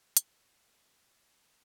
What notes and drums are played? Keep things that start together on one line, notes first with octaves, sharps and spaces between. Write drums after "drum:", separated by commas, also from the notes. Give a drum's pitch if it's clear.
A3 D4, drum: hi-hat